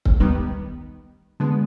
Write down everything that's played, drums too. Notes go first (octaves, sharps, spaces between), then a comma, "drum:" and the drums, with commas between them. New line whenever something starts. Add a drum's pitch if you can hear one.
drum: kick C#1
D#2 D#3 G3 B3
D3 G#3 B3